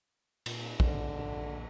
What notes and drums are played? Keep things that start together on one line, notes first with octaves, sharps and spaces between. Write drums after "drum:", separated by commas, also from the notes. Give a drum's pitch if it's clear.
A#2, drum: cymbal
A#1 D3, drum: kick